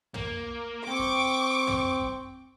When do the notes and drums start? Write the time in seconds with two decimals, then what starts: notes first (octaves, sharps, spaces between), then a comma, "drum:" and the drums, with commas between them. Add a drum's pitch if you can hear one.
0.14 A#3, drum: tom
0.88 C4 G5 C#6 D6
0.99 drum: kick F#2
1.67 drum: tom
2.01 drum: kick F#2